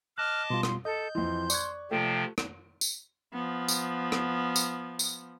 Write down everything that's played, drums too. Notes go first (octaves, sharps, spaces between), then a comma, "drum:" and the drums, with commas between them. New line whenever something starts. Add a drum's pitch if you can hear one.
D#5 A5 D6 F6 F#6
B2 G3 F4 C6
drum: rim click
A4 D#5 G6
F2 E3 C6
D5 C#6 F#6 G#6, drum: tambourine
C3 F3 A3 F4 G5
drum: rim click
drum: tambourine
F3 B3
drum: tambourine
drum: rim click
drum: tambourine
drum: tambourine